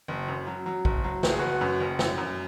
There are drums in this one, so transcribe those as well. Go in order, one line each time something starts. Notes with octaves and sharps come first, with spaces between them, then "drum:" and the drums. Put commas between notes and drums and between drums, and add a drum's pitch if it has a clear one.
F#1
F#2
F#3
F#3
F#1, drum: kick
F#3
F#1 B4, drum: snare
G#4
F#1 F#4 B4
F#2
F#1
F#2, drum: snare
F#2